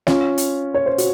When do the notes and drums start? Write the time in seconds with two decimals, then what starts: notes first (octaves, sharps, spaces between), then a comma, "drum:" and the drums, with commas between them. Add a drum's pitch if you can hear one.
0.07 C#4 F4, drum: snare
0.38 drum: hi-hat
0.74 C#5
0.86 C5
0.98 F#4, drum: hi-hat